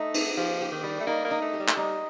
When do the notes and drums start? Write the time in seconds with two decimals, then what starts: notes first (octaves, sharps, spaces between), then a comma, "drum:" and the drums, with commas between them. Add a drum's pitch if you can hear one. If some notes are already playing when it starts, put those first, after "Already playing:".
Already playing: A3 D#4
0.14 C4, drum: cymbal
0.37 F3 G4
0.61 G4
0.72 D#3
0.83 G3
1.00 A3
1.07 A#3 D#4
1.25 A#3
1.31 D#4
1.42 A3
1.54 G4
1.60 G3
1.68 A3, drum: clap
1.77 G3 D#4